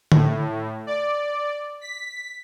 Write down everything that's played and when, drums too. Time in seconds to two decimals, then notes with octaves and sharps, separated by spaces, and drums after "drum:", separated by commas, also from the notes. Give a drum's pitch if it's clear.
0.12 A2, drum: tom D3
0.87 D5
1.81 B6